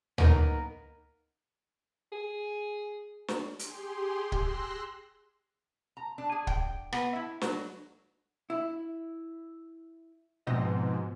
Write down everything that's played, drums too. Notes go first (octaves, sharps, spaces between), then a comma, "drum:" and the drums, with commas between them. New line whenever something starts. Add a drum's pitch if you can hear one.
A#3 B3 D#4 A#4, drum: tom
G#4
drum: snare
G4 G#4 C6, drum: hi-hat
C6 E6 F#6 A#6, drum: kick
A#5
D4
G#4
G5, drum: kick
B3, drum: rim click
E4
F#3, drum: snare
E4
G#2 B2 F3 C4 D#5